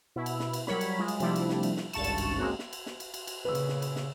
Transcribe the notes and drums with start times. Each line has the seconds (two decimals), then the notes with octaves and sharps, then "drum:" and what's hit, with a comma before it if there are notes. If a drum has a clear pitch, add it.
0.16 B2 E4
0.26 drum: cymbal
0.40 drum: snare
0.53 drum: cymbal
0.67 F#3 G3 A#4 C#5 B5, drum: snare
0.81 drum: cymbal
0.99 G#3 F4
1.08 drum: cymbal
1.20 C3 F3 G3 A3 D4 E4, drum: cymbal
1.36 drum: cymbal
1.49 drum: snare
1.63 drum: cymbal
1.77 drum: snare
1.93 G#1 C#2 G2 A5 C#6 E7, drum: cymbal
2.04 drum: cymbal
2.18 drum: cymbal
2.38 G#3 A#3 C4 C#4 F#4
2.59 drum: snare
2.73 drum: cymbal
2.86 drum: snare
3.00 drum: cymbal
3.14 drum: cymbal
3.27 drum: cymbal
3.45 A#2 C#3 B4 E6
3.55 drum: cymbal
3.69 drum: snare
3.82 drum: cymbal
3.96 drum: snare